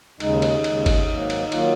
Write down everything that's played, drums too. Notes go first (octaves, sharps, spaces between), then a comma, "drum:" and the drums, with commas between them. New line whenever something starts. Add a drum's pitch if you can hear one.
D#2 C#3 G#3 D#4, drum: cymbal
drum: cymbal
D#2 C#3 G#3, drum: cymbal
drum: kick G1, cymbal
G#2 D#3 F#3 A#3
drum: cymbal
D#3 F#3 A#3 F4, drum: cymbal